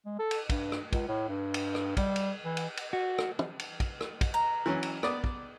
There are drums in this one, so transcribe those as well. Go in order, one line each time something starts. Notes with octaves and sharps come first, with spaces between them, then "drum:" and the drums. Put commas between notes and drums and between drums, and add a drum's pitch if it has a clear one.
G#3
A4
drum: cymbal
G2, drum: kick, cymbal
drum: rim click
C#2, drum: kick, cymbal
A2
G2
drum: cymbal
drum: rim click
G3, drum: kick, cymbal
drum: cymbal
E3
drum: cymbal
drum: cymbal
F#4
drum: rim click
drum: tom
drum: cymbal
drum: kick, cymbal
drum: rim click
drum: kick, cymbal
A#5
E3 F#3 C#4
drum: cymbal
B3 D5 D#6, drum: rim click
drum: kick